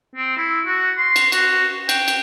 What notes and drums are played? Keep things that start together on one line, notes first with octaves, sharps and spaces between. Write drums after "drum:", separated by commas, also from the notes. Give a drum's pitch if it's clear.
C4
E4
F#4
C6
drum: cymbal
F#4, drum: cymbal
G5, drum: cymbal
drum: cymbal